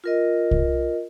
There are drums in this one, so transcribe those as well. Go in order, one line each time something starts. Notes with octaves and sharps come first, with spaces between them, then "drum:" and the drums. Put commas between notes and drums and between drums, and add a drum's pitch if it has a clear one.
F4 A#4 D#5
drum: kick C2